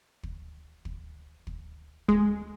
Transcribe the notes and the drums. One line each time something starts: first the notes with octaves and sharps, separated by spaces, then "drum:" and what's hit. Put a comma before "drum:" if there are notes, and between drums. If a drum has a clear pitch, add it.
drum: kick
drum: kick
drum: kick
G#3, drum: kick